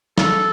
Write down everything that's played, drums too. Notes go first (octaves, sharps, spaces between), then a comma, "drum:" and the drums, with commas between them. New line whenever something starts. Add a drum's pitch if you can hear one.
A4, drum: snare